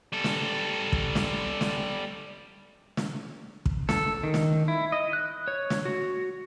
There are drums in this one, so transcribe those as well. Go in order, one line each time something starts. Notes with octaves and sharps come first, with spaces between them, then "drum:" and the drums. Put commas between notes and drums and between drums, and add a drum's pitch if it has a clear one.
G3 A4
drum: snare
drum: kick
drum: snare
drum: snare
drum: snare
drum: kick
A4, drum: snare
D#3
drum: snare
E4
D#5
F#6
C#5
drum: snare
F#4